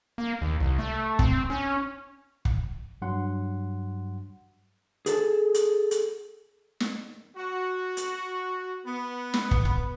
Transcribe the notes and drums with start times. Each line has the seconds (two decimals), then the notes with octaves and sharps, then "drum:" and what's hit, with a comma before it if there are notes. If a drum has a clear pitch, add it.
0.18 A#3
0.41 D#2
0.60 C2
0.79 A3
1.19 C4, drum: kick
1.50 C#4
2.45 drum: kick
3.02 G2 F#3 F#5 C6
5.06 G#4 A4 A5, drum: hi-hat
5.54 drum: hi-hat
5.91 drum: hi-hat
6.80 drum: snare
7.37 F#4
7.97 drum: hi-hat
8.86 B3
9.34 drum: snare
9.51 drum: kick
9.65 drum: kick